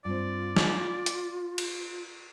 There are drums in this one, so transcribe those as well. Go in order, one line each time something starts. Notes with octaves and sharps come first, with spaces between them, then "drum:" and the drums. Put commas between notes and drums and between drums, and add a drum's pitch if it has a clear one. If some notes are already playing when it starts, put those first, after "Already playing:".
G2 C4 F4 D5
G#5, drum: snare
drum: hi-hat
drum: cymbal